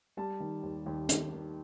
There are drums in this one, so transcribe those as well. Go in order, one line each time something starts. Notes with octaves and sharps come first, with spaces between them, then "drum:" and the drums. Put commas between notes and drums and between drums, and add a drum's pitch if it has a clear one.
G3 A5
D#3
D#2
D#2
D#2, drum: hi-hat
D#3